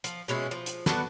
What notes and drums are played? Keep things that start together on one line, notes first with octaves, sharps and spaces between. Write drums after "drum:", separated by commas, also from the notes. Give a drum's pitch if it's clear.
F3, drum: hi-hat
B2 G#3 C#4 E4
F3
drum: hi-hat
B3 D4 F#4 A4, drum: snare